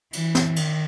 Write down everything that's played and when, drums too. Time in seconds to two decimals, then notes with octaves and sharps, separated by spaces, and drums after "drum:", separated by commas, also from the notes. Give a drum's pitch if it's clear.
0.13 E3, drum: cymbal
0.35 drum: snare
0.56 D#3, drum: cymbal